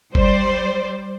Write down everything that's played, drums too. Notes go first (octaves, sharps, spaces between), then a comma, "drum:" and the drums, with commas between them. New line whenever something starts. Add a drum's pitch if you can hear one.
G3 C5 D5, drum: kick F#1